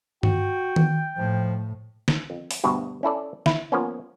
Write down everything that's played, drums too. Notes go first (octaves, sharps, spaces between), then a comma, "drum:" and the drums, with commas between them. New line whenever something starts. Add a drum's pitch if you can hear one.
F#4 G5, drum: tom G2
drum: tom D#3
A2 F3
drum: snare
F2
drum: open hi-hat
D2 G2 B2
C#4 E4 A4 D5
E4, drum: snare
F3 A#3 B3 C#4